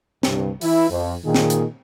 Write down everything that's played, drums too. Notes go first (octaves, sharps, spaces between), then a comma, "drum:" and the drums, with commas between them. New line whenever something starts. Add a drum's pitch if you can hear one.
C2 G2, drum: snare
E3 E4, drum: open hi-hat
F2
A#2 D#3 G#4
drum: snare
drum: hi-hat